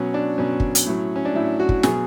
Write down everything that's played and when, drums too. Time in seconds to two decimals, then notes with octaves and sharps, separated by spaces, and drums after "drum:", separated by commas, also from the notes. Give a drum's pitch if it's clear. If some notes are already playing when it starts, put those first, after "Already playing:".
Already playing: B2 F#3 C#4
0.14 D4
0.38 B2 F#3 C#4
0.60 drum: kick
0.75 drum: hi-hat
0.86 A2 F#3
1.16 C#4
1.25 D4
1.34 A2 F#3 E4
1.60 F#4
1.69 drum: kick
1.83 B2 F#3 G#4, drum: snare